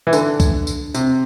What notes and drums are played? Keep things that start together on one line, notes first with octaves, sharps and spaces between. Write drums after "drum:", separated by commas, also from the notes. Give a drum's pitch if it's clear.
E3
D3, drum: tambourine
drum: kick C2, tambourine
drum: tambourine
C3, drum: tambourine